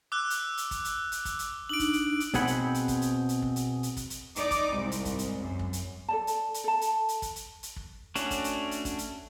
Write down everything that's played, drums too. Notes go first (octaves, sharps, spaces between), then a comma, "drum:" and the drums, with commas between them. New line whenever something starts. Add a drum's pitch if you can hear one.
D6 E6 F#6
drum: hi-hat
drum: hi-hat
drum: kick, hi-hat
drum: hi-hat
drum: hi-hat
drum: kick, hi-hat
drum: hi-hat
D4 D#4 D7 F#7
drum: kick, hi-hat
drum: hi-hat
drum: hi-hat
B2 C4 G#4 F#5 B5, drum: kick, hi-hat
drum: hi-hat
drum: hi-hat
drum: kick, hi-hat
drum: hi-hat
drum: hi-hat
drum: kick
drum: hi-hat
drum: hi-hat
drum: kick, hi-hat
drum: hi-hat
D#4 D5 D6, drum: hi-hat
drum: kick, hi-hat
C2 G#2
drum: hi-hat
drum: kick, hi-hat
drum: hi-hat
F#2
drum: kick
drum: hi-hat
A4 D5 A5
drum: hi-hat
drum: hi-hat
A4 A5
drum: hi-hat
drum: hi-hat
drum: kick, hi-hat
drum: hi-hat
drum: hi-hat
drum: kick
A3 C#4 D4 F#4, drum: hi-hat
drum: kick, hi-hat
drum: hi-hat
drum: hi-hat
drum: kick, hi-hat
drum: hi-hat